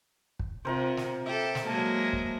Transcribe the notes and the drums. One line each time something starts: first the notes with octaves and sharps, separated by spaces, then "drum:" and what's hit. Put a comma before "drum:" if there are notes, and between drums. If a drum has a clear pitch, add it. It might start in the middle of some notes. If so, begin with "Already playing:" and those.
drum: kick
C3 F4 A#4 C5
drum: snare
G4 A4 E5
drum: snare
F#3 G#3 A#3 A5
drum: kick